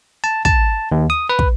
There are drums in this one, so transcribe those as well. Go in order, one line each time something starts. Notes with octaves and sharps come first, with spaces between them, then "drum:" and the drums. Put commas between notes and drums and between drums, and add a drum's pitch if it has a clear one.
A5
A5, drum: kick
D#2
D#6
B4
drum: kick